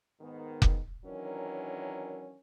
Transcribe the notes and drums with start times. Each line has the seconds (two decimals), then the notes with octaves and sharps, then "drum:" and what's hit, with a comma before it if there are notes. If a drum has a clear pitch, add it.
0.20 G#2 D#3 B3
0.62 drum: kick F1
1.06 D#3 E3 F#3 C#4 D4 A#4